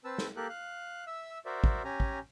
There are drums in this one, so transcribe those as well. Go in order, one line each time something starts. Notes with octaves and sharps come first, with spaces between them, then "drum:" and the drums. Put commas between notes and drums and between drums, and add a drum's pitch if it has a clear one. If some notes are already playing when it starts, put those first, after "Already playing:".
C4 B4 A5 E6
drum: snare A4
A#3 G4 A4 A#4 F#6
F5 F#6
E5 E6
F#4 A#4 C5 D5 E5
drum: kick
C#4 G4 G#5 A#5
drum: kick